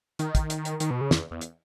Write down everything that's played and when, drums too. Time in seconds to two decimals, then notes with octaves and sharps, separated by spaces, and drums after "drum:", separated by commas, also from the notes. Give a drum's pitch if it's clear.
0.19 D#3, drum: hi-hat
0.35 drum: kick, hi-hat
0.50 drum: hi-hat
0.65 drum: hi-hat
0.80 D#3, drum: hi-hat
0.91 B2
1.01 C#3
1.11 E2, drum: snare
1.31 E2
1.41 drum: hi-hat